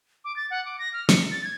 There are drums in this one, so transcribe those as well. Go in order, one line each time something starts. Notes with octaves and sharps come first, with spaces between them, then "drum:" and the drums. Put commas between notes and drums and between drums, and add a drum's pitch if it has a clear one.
D6
A6
F#5
D6
A#6
F6
C#7, drum: snare
A6
G#6